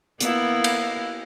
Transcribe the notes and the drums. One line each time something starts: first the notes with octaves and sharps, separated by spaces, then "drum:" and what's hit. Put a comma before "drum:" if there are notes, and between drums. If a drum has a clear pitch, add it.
A#3 B3 E4, drum: hi-hat
drum: cymbal